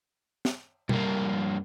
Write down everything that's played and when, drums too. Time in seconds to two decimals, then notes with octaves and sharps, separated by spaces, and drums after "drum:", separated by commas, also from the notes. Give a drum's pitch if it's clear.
0.45 drum: snare
0.89 G2 A#3, drum: tom